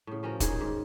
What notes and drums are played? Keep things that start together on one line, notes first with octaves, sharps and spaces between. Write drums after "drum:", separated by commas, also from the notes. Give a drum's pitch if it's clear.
A2 C#3
F3 C#4 F#4 A#4
G#2 D#3 G#4, drum: kick, hi-hat
G#2